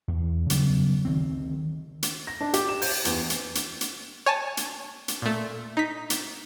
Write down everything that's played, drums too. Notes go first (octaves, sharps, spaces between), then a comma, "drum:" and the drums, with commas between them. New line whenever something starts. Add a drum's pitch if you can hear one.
E2
C#3 F#3 G3 B3, drum: hi-hat
D2 D#3 C4
drum: hi-hat
A#6
D4
G4, drum: hi-hat
E7
G6, drum: open hi-hat
E2, drum: hi-hat
drum: hi-hat
drum: hi-hat
drum: hi-hat
C#5 G#5 A5
drum: hi-hat
drum: hi-hat
A#2 A3
D#4 B6
drum: hi-hat